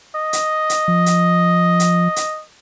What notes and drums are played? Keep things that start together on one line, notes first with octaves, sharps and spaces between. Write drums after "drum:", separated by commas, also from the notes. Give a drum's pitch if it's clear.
D#5
drum: hi-hat
drum: hi-hat
F3
drum: hi-hat
drum: hi-hat
drum: hi-hat